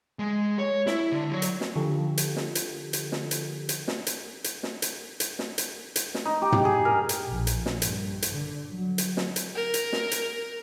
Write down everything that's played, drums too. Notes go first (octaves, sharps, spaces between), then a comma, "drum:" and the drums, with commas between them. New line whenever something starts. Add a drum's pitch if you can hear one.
G#3
C#5
E4, drum: snare
D3
F#3
drum: hi-hat
drum: snare
D3 F3 F4 G4 A4
drum: hi-hat
drum: snare
drum: hi-hat
drum: hi-hat
drum: snare
drum: hi-hat
drum: hi-hat
drum: snare
drum: hi-hat
drum: hi-hat
drum: snare
drum: hi-hat
drum: hi-hat
drum: snare
drum: hi-hat
drum: hi-hat
drum: snare
D#4
G4
drum: tom
G#4
A#4
drum: hi-hat
A#1
drum: hi-hat
drum: snare
G2, drum: hi-hat
drum: hi-hat
D3
F#3
drum: hi-hat
drum: snare
drum: hi-hat
A#4
drum: hi-hat
drum: snare
drum: hi-hat